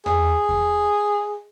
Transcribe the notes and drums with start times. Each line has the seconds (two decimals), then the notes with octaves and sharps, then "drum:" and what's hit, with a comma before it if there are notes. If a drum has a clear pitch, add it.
0.06 G#4, drum: tom E2
0.49 drum: kick E2